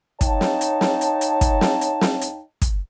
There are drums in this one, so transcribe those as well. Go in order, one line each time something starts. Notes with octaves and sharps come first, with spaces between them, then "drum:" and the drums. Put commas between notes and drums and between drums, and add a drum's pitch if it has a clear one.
D#4 C#5 F5 G5 A5, drum: kick, hi-hat
drum: snare
drum: hi-hat
drum: snare
drum: hi-hat
drum: hi-hat
drum: kick, hi-hat
drum: snare
drum: hi-hat
drum: snare
drum: hi-hat
drum: kick, hi-hat